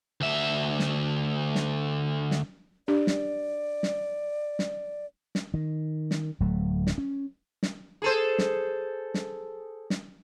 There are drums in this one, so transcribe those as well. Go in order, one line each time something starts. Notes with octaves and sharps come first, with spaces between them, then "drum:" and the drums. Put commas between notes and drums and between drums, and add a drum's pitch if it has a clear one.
D2 E5
drum: snare
drum: snare
drum: snare
D4 G4 D5
drum: snare
drum: snare
drum: snare
drum: snare
D#3
drum: snare
D1 F#3 A3
drum: snare
C#4
drum: snare
G#4 A4 C5
drum: snare
drum: snare
drum: snare